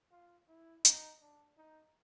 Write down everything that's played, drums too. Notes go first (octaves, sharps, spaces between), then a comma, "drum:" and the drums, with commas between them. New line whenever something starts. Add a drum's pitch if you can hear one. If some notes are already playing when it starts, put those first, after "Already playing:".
F4
E4
D#4, drum: hi-hat
D4
D#4